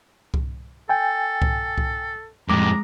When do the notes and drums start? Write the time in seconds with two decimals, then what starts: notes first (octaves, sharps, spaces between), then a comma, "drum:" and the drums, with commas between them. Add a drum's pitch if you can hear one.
0.34 drum: kick C2
0.89 A4 G5 G#5
1.42 drum: kick C2
1.78 drum: kick C2
2.50 F2 A2 G#3 A#5 D6